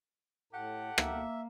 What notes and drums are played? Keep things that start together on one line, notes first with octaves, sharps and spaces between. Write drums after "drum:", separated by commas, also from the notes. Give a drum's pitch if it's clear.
A2 G4 A4 F#5
A#3 E5, drum: rim click